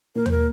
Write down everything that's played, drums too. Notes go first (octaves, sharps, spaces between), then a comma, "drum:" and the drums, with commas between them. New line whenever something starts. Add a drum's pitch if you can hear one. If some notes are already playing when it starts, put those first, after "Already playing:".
A#2 A#4
C5, drum: tom D#2
A#4